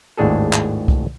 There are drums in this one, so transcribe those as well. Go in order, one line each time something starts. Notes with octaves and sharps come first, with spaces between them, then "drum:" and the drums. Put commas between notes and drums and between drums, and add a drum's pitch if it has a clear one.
G#1 D#2 A2 D4 G#4 A4
drum: clap
drum: kick C2